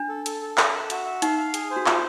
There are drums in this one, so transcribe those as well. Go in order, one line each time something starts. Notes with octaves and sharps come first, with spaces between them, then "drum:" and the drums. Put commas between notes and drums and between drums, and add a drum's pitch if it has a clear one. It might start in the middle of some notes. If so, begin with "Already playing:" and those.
Already playing: D4
A4
A4, drum: hi-hat
A4
A4, drum: clap
E5
F#4, drum: hi-hat
E5
D#4 F5, drum: hi-hat
F5
G#4, drum: hi-hat
C5
F#4
F4 C5, drum: clap